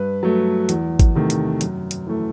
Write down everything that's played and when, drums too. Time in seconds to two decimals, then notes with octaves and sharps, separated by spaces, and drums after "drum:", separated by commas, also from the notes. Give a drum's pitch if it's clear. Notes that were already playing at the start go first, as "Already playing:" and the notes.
Already playing: G2 B4
0.23 F#3 A3
0.69 E2, drum: hi-hat
0.99 drum: kick G#1, hi-hat
1.15 C3 D#3 A3
1.30 drum: hi-hat
1.61 F#2, drum: hi-hat
1.91 drum: hi-hat
2.07 E3 A3